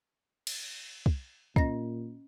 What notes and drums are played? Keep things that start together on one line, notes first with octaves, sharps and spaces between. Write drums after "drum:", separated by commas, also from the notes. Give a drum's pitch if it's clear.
drum: cymbal
drum: kick
A#2 C#4 D#5 A#6, drum: kick